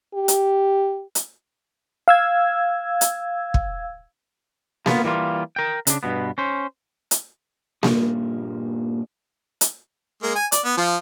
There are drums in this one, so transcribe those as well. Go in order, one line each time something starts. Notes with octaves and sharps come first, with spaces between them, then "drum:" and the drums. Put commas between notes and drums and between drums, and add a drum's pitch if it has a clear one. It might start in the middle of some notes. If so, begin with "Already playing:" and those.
G4
drum: hi-hat
drum: hi-hat
F5 E6 G#6
drum: hi-hat
drum: kick
A#3 B3 F4, drum: snare A#3
E3 G3 A#3 F4
A#4 G5
C#3 D4, drum: hi-hat
G2 B2 B3
C#4 C5
drum: hi-hat
G2 A#2 G3 A#3, drum: snare A#3
drum: hi-hat
G#3 A#3
G#5
D5, drum: hi-hat
B3
F3 F4